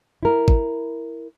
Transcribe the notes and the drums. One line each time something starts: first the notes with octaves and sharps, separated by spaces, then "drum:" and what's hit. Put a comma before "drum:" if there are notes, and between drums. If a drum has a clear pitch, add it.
E4 A#4
drum: kick